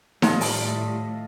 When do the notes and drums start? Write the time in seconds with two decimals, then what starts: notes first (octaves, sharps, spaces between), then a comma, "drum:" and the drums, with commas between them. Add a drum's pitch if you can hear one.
0.22 A2 D#3 F3 G3 A3 F4 A4 D#5, drum: snare D#4
0.41 drum: open hi-hat